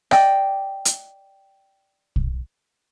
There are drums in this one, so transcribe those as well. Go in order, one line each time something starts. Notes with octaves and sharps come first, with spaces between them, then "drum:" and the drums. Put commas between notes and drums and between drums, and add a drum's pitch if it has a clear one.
D5 D#5 G5, drum: rim click
drum: hi-hat
drum: kick